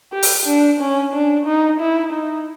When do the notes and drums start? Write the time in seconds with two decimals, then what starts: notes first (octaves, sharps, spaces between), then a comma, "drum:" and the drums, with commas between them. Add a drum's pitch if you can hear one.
0.12 G4
0.23 drum: open hi-hat
0.45 D4
0.80 C#4
1.13 D4
1.45 D#4
1.80 E4
2.12 D#4